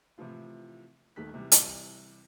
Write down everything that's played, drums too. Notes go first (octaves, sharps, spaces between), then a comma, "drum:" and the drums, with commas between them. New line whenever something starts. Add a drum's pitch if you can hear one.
A2 C3 E3 F3 F4
D#1 D#3 A3 F#6 B6
C3 E3 G3
drum: hi-hat